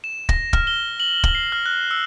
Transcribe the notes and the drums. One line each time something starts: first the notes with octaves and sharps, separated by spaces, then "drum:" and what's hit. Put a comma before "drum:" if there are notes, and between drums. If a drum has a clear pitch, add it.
E7
A#6, drum: kick
F6, drum: kick
G7
F#7
drum: kick
C7
F6
F#6
E6